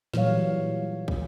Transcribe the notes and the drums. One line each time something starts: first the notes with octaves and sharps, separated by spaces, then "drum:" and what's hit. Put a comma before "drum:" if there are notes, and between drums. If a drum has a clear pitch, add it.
A#2 E3 F#3 G3 C#5 F5, drum: snare
drum: kick